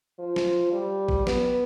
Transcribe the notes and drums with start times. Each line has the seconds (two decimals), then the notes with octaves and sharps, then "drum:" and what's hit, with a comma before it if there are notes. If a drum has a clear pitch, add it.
0.19 F3
0.36 drum: snare
0.72 G3
1.08 drum: kick A1
1.27 B3, drum: snare